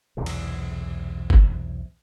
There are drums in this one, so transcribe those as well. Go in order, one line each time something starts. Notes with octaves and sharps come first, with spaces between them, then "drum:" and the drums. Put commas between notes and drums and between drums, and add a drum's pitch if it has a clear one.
B1 E2 G#2 C3
drum: cymbal
drum: kick